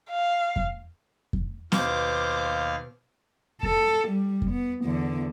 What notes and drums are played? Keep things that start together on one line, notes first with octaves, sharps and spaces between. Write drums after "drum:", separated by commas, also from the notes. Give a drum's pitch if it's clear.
F5
drum: kick F2
drum: kick F2
D#2 B2 C5 F5 D6, drum: snare
A4, drum: kick F2
G3
drum: kick F2
B3
E2 D3